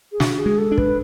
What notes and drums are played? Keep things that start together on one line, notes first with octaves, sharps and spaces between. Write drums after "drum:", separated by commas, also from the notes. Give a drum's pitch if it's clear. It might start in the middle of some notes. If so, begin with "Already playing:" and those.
G#4
D4 F#4, drum: snare
G#4
G#3
A4
D4
B4, drum: kick